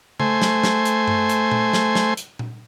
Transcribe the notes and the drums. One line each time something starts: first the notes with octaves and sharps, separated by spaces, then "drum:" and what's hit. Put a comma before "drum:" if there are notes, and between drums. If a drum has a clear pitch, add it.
A3 C5 G#5, drum: tom C#3
drum: snare
drum: snare
drum: hi-hat
drum: tom G2
drum: hi-hat
drum: tom A#2
drum: snare
drum: snare
drum: hi-hat
drum: tom A#2